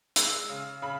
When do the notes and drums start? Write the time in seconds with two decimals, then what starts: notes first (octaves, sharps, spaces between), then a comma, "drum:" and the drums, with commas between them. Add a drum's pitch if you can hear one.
0.16 G#3 E6, drum: hi-hat
0.49 C#3
0.82 C#3 B5